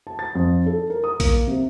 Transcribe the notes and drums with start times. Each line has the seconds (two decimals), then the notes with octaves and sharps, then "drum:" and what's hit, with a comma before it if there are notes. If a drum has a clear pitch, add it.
0.07 A5
0.19 A6
0.35 F2
0.66 A4
0.90 A#4
1.04 D#6
1.20 A#3, drum: kick A#1, open hi-hat
1.47 C3